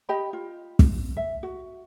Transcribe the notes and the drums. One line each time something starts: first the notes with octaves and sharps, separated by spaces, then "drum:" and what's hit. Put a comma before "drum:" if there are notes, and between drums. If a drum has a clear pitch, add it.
G4 D#5 G5 B5
F4
drum: kick
E5
F#4